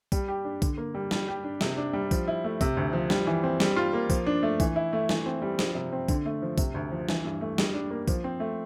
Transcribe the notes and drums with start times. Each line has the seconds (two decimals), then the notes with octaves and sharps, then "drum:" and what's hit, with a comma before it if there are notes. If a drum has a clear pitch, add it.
0.12 G3, drum: kick B1, tambourine
0.28 G4
0.45 D4
0.62 D3, drum: kick B1, tambourine
0.78 A#3
0.94 G3
1.11 G3, drum: snare
1.28 G4
1.44 D4
1.61 C3, drum: snare
1.77 D4
1.93 G3
2.11 F3, drum: kick B1, tambourine
2.28 E4
2.44 A3
2.61 C3, drum: kick B1, tambourine
2.77 D2
2.93 F3
3.10 G3, drum: snare
3.27 E3
3.43 C4
3.60 G3, drum: snare
3.76 F4
3.93 A#3
4.10 F3, drum: kick B1, tambourine
4.27 D4
4.43 A3
4.60 E3, drum: kick B1, tambourine
4.76 E4
4.93 A3
5.09 E3, drum: snare
5.26 C4
5.42 G3
5.59 F3, drum: snare
5.75 C3
5.92 C4
6.08 D3, drum: kick B1, tambourine
6.26 A3
6.42 F3
6.58 C3, drum: kick B1, tambourine
6.74 D2
6.92 F3
7.09 E3, drum: snare
7.25 G2
7.41 A3
7.58 G3, drum: snare
7.74 D4
7.91 A#3
8.08 F3, drum: kick B1, tambourine
8.24 C4
8.40 A3